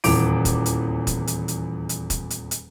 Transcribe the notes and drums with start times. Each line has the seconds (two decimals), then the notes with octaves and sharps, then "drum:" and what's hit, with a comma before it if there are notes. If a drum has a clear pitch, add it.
0.04 D#1 E2 D6 D7, drum: open hi-hat
0.45 drum: kick, hi-hat
0.66 drum: hi-hat
1.07 drum: kick, hi-hat
1.27 drum: hi-hat
1.48 drum: hi-hat
1.89 drum: hi-hat
2.10 drum: kick, hi-hat
2.30 drum: hi-hat
2.51 drum: hi-hat